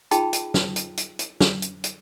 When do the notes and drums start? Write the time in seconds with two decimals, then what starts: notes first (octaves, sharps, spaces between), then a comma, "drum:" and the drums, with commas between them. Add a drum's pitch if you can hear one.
0.11 D#4 F4 G#4 G5 A5 B5, drum: hi-hat
0.33 drum: hi-hat
0.54 drum: snare
0.76 drum: hi-hat
0.97 drum: hi-hat
1.19 drum: hi-hat
1.40 drum: snare
1.62 drum: hi-hat
1.84 drum: hi-hat